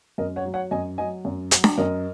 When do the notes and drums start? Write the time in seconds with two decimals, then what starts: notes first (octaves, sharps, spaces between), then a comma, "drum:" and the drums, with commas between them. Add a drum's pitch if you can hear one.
0.18 F#2 A#4 D#5
0.36 C#5 F#5
0.45 F#3
0.54 C#5 F#5
0.71 F#2 D#5 G#5
0.98 F#3 D#5 G#5
1.25 F#2
1.51 F#3, drum: hi-hat
1.64 drum: snare D4
1.78 F#2 A#4 D#5